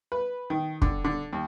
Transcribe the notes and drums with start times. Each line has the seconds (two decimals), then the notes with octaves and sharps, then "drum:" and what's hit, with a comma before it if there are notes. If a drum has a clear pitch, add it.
0.12 B4
0.50 D#3
0.82 D3, drum: kick
1.04 D3
1.33 D#2